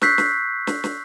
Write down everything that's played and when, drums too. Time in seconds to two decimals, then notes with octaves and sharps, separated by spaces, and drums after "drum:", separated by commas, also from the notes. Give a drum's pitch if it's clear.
0.02 C#6 E6 F#6 G6 B6 C7, drum: snare
0.18 drum: snare
0.67 drum: snare
0.84 drum: snare